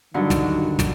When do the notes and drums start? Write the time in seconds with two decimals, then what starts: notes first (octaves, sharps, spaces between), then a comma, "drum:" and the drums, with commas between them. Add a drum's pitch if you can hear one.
0.14 G2 D3 D#3 F#3
0.30 drum: snare
0.79 drum: snare